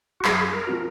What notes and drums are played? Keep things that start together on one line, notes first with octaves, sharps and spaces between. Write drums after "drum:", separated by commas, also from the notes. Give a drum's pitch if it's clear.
F#4
F#2 G#4, drum: clap
A#4
F3 C4 F#4